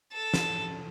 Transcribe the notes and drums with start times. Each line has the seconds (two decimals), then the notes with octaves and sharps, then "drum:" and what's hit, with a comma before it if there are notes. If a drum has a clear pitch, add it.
0.13 A4 A5
0.34 drum: snare